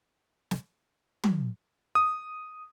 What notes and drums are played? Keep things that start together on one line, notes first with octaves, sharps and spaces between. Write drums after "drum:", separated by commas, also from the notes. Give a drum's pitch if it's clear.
drum: snare
drum: tom
D#6